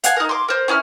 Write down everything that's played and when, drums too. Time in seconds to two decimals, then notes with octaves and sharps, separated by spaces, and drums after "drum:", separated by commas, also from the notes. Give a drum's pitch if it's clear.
0.04 F5 F#5 G#5, drum: hi-hat
0.16 D#4 A#4
0.29 C6 D6
0.48 A#4 C5
0.68 C#4 E4 D#6 F6